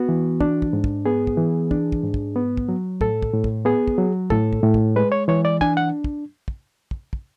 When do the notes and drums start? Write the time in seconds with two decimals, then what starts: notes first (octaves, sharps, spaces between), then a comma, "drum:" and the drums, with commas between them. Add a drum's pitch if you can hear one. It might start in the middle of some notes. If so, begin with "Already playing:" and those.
Already playing: B3 F#4
0.09 E3
0.41 D4, drum: kick
0.62 drum: kick
0.73 G#2
0.84 drum: kick
1.06 B3 G#4
1.27 drum: kick
1.38 E3
1.71 D4, drum: kick
1.92 drum: kick
2.03 G#2
2.14 drum: kick
2.36 B3
2.57 drum: kick
2.69 F#3
3.01 A2 A4, drum: kick
3.22 drum: kick
3.33 A2
3.44 drum: kick
3.65 B3 G#4
3.88 drum: kick
3.98 F#3
4.30 A2 A4, drum: kick
4.53 drum: kick
4.63 A2
4.74 drum: kick
4.96 G#3 B4
5.12 C#5
5.28 E3 C#5
5.45 D5
5.61 D4 G#5, drum: kick
5.77 F#5
6.04 drum: kick
6.48 drum: kick
6.91 drum: kick
7.13 drum: kick